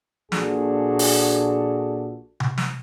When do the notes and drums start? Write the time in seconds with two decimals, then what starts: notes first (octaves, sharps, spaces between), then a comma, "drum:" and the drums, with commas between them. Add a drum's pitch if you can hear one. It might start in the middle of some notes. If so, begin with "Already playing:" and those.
0.32 A#1 A#2 D4 F#4 G#4 A4, drum: snare
0.99 drum: open hi-hat
2.40 drum: tom C3
2.58 drum: snare